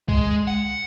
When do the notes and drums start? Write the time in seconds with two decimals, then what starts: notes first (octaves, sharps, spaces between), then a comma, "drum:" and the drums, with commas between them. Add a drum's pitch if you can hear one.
0.09 G#3, drum: kick C2
0.47 F#5